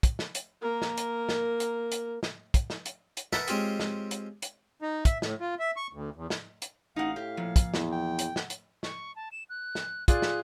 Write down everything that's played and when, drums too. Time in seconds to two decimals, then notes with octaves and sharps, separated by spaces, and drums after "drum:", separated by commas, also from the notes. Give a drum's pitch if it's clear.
0.03 drum: kick, hi-hat
0.19 drum: snare
0.35 drum: hi-hat
0.61 A#3 A#4
0.82 drum: snare
0.97 drum: hi-hat
1.29 drum: snare
1.60 drum: hi-hat
1.91 drum: hi-hat
2.23 drum: snare
2.54 drum: kick, hi-hat
2.70 drum: snare
2.85 drum: hi-hat
3.17 drum: hi-hat
3.32 A#4 B4 E5 F#5 A5 B5, drum: snare
3.47 G#3 C4 C#4 F4 G4 G#4, drum: hi-hat
3.80 drum: snare
4.11 drum: hi-hat
4.42 drum: hi-hat
4.82 D#4
5.05 E5, drum: kick, hi-hat
5.22 A2, drum: snare
5.40 F4
5.59 E5
5.77 C#6
5.93 D2
6.16 E2
6.30 drum: snare
6.62 drum: hi-hat
6.96 A1 D#4 F5 F#5
7.16 A2 G4
7.37 A#2 F3
7.56 drum: kick, hi-hat
7.74 E2, drum: snare
7.92 G5
8.19 drum: hi-hat
8.36 F#5, drum: snare
8.50 drum: hi-hat
8.83 C#6, drum: snare
9.16 A5
9.32 E7
9.50 F#6
9.75 drum: snare
10.08 F4 G#4 D5 F#6, drum: kick, hi-hat
10.22 drum: snare